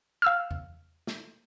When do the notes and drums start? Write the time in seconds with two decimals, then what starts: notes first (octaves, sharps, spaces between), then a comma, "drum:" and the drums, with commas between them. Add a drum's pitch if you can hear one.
0.22 F5 E6 F6
0.51 drum: tom E2
1.07 drum: snare